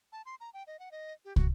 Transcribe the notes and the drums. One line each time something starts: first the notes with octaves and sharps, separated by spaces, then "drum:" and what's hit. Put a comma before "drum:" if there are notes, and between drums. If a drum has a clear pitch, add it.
A5
C6
A#5
G5
D#5
F#5
D#5
G4
F#4, drum: kick